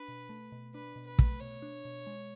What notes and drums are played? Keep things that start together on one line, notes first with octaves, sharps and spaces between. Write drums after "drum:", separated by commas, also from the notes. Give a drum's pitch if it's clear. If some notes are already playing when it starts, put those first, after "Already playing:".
Already playing: D4 B4
B2
A3
B2
D4 B4
B2
B4
A3, drum: kick
B2 C#5
D4
B2
G#3